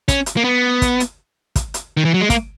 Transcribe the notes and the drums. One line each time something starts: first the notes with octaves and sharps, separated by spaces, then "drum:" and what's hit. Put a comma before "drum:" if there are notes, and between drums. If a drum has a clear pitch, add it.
C#4, drum: kick, hi-hat
drum: hi-hat
A#3
B3
drum: kick, hi-hat
drum: hi-hat
drum: kick, hi-hat
drum: hi-hat
D#3
E3
F#3
G#3
A#3, drum: kick, hi-hat